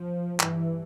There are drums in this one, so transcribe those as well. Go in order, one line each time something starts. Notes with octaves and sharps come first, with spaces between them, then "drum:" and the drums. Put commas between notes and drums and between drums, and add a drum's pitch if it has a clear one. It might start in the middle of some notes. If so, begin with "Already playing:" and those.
Already playing: F3
G2 E3, drum: clap